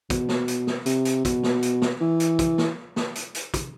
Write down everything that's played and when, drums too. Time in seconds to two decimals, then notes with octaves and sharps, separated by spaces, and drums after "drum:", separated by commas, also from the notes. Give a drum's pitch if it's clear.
0.10 B2, drum: kick, hi-hat
0.29 drum: snare
0.48 drum: hi-hat
0.67 drum: snare
0.86 C3, drum: hi-hat
1.05 drum: hi-hat
1.25 B2, drum: kick, hi-hat
1.43 drum: snare
1.63 drum: hi-hat
1.82 drum: snare
2.01 E3
2.20 drum: hi-hat
2.39 drum: kick, hi-hat
2.58 drum: snare
2.96 drum: snare
3.15 drum: hi-hat
3.35 drum: hi-hat
3.54 drum: kick, hi-hat